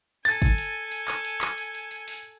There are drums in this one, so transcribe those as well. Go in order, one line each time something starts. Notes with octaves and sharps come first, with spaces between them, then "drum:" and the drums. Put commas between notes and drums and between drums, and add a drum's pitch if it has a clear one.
A4 G#5 A6, drum: hi-hat
drum: kick, hi-hat
drum: hi-hat
drum: hi-hat
drum: clap
drum: hi-hat
drum: clap
drum: hi-hat
drum: hi-hat
drum: hi-hat
drum: open hi-hat